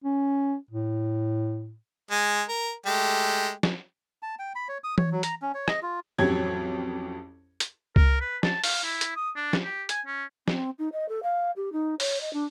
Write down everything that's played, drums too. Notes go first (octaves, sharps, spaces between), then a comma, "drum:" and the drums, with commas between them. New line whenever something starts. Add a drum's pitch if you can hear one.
C#4
A2
G#3 G#5
A#4
G#3 A3 G4
drum: snare
A5
G5
B5
C#5
D#6
C#5, drum: tom E3
F#3
A#5, drum: hi-hat
C#4
C#5
D#5, drum: rim click
F4
A1 F2 F#3 G4 G#6
drum: hi-hat
A#4, drum: kick C2
B4
A5, drum: snare
F5, drum: open hi-hat
E4
drum: hi-hat
D#6
D4
drum: snare
G4
G#5, drum: hi-hat
C#4
C4, drum: snare
D#4
D#5
A4
F5
G4
D#4
C#5, drum: open hi-hat
D#5
D4